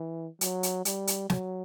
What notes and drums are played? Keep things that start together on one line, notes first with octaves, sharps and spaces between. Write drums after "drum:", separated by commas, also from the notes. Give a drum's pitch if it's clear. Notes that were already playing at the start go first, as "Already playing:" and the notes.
Already playing: E3
F#3, drum: hi-hat
drum: hi-hat
G3, drum: hi-hat
drum: hi-hat
F#3, drum: snare